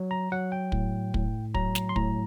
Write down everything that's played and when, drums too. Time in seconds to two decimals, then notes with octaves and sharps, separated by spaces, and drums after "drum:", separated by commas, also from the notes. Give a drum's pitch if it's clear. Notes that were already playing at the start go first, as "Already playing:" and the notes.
Already playing: F#3
0.11 A#5
0.32 F#3 F#5
0.52 G5
0.72 A2, drum: kick
1.14 A2, drum: kick
1.54 F#3 A#5, drum: kick
1.75 drum: snare
1.89 C6
1.96 A2 A#5, drum: kick